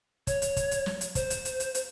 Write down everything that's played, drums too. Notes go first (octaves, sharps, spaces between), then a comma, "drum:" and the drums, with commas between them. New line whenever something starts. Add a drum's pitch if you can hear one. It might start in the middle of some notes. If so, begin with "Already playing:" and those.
C#5, drum: kick, hi-hat
drum: hi-hat
drum: kick, hi-hat
drum: hi-hat
drum: snare
drum: hi-hat
C5, drum: kick, hi-hat
drum: hi-hat
drum: hi-hat
drum: hi-hat
drum: hi-hat